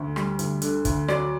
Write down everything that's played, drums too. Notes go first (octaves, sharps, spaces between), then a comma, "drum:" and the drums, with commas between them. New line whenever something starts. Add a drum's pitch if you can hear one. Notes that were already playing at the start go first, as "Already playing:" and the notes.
Already playing: D2 D3
G3, drum: rim click
D2, drum: hi-hat
D3, drum: hi-hat
D2, drum: kick, hi-hat
F#3 D5, drum: rim click